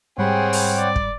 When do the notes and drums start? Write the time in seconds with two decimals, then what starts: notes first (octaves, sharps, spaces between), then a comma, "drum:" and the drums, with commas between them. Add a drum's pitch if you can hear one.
0.18 G#2 G3 C4 G#4 C#5 F#5 G5 B5
0.53 drum: open hi-hat
0.78 D5
0.96 drum: kick